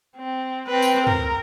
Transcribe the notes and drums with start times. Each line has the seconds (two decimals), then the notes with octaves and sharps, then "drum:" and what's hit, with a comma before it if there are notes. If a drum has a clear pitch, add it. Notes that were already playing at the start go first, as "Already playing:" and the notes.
0.17 C4
0.67 C4 B4
0.82 drum: tambourine
1.07 A#4, drum: tom